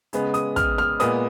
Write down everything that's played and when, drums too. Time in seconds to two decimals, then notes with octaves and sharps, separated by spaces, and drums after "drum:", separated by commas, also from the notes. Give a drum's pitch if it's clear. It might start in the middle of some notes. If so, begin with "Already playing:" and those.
0.13 C#3 G#3 B3, drum: hi-hat
0.34 D#6, drum: hi-hat
0.56 F6, drum: kick, hi-hat
0.78 F6, drum: snare
1.00 A#2 G#3 B3 D#6, drum: hi-hat